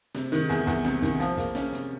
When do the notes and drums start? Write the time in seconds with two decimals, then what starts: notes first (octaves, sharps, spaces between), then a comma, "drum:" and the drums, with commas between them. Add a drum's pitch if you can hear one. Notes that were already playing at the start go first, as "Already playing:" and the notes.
0.15 C3, drum: snare
0.32 D#3, drum: hi-hat
0.49 E2, drum: hi-hat
0.67 E2, drum: kick, hi-hat
0.85 C3, drum: snare
1.02 D#3, drum: kick, hi-hat
1.20 F3, drum: hi-hat
1.37 A#3, drum: kick, hi-hat
1.55 C#4, drum: snare
1.72 C3, drum: hi-hat